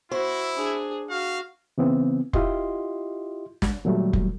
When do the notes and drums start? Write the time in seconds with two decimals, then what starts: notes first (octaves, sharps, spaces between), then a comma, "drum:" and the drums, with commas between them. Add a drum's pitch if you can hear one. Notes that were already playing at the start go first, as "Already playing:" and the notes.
0.11 E4 F#4 C5
0.57 D4 G#4
1.10 F#4 F5
1.78 C#3 E3 B3 C4
2.33 E4 F4 G4 D#5 C6, drum: kick F1
3.62 drum: snare
3.85 A#2 D#3 F#3 G3 A3
4.13 drum: kick F1